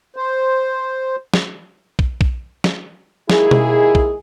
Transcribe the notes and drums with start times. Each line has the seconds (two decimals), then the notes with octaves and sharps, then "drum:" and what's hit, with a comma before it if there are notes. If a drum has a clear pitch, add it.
0.16 C5
1.34 drum: snare
1.99 drum: kick
2.21 drum: kick
2.64 drum: snare
3.30 D#2 G#3 E4 G#4, drum: snare
3.51 drum: tom B2
3.95 drum: kick